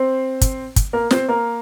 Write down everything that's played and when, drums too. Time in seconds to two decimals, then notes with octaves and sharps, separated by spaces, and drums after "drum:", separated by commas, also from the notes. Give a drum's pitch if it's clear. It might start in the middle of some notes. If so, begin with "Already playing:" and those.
Already playing: C4 C5
0.41 drum: kick, hi-hat
0.76 drum: kick, hi-hat
0.93 A#3 A#4
1.11 C4 C5, drum: snare
1.28 A#3 A#4